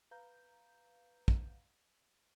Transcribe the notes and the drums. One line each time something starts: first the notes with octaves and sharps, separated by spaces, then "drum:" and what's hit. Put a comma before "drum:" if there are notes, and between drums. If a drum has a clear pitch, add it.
B4 F5 A#5 G6
drum: kick